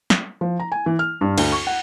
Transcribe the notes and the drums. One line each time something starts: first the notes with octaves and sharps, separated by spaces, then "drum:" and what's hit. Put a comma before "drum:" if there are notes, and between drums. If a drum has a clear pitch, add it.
drum: snare
F3
A#5
G#5
E3
F6
G2
D2, drum: cymbal
C#6
F#5